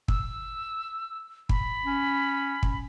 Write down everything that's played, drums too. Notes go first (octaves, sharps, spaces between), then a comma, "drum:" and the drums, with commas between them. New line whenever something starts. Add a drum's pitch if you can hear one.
E6, drum: kick
B5, drum: kick
C#4
drum: kick